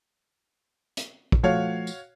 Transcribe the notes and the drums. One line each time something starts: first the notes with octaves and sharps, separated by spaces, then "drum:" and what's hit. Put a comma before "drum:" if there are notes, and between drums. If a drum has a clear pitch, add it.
drum: hi-hat
drum: kick
F3 A3 F#4 C#5 F5
drum: tambourine